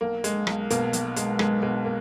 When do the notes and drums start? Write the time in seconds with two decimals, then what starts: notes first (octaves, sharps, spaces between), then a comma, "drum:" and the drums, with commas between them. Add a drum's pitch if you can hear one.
0.01 B1 A#3
0.24 G#3, drum: hi-hat
0.47 B1, drum: rim click
0.70 B2 A#3, drum: hi-hat
0.93 B1, drum: hi-hat
1.16 G#3, drum: hi-hat
1.39 B1 G#3, drum: rim click
1.62 B2 G#3
1.85 A#3